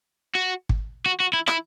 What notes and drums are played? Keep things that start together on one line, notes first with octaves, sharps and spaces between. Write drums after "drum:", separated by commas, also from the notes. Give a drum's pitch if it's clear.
F#4
drum: kick
F#4
F#4
E4
E4, drum: rim click